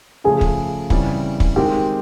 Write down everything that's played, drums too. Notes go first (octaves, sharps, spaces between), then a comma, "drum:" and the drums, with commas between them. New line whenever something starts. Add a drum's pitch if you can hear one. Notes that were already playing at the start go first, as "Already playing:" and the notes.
C#3 F3 A3 G#4
drum: kick
C#3 E3 G3 C4, drum: kick
drum: kick
D#3 G#3 C4 G4